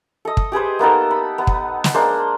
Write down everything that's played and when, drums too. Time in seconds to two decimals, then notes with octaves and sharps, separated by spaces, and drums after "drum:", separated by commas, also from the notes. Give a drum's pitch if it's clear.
0.25 A4 D#5
0.37 drum: kick
0.52 G4 G#4 B4 C5
0.79 A#3 B3 D#4 A4
1.11 B5
1.38 B3
1.47 drum: kick
1.84 drum: snare
1.94 G#3 A#3 D4 C5